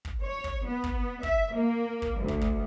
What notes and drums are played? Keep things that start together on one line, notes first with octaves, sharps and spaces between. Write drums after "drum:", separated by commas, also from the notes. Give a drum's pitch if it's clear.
drum: kick
C#5
drum: kick
B3
drum: kick
E5, drum: kick
A#3
drum: kick
D2
drum: kick
drum: kick